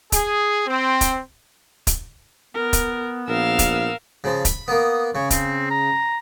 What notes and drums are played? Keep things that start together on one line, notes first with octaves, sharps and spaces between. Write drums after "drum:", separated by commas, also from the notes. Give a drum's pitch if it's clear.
G#4, drum: kick, hi-hat
C4
drum: kick, hi-hat
drum: kick, hi-hat
B3 A#4
drum: kick, hi-hat
A#1 A#4 F5 E6
drum: kick, hi-hat
C#3 F3
B5, drum: kick, hi-hat
A#3 B3 D#6
C#3 C#5
C4, drum: kick, hi-hat
A#5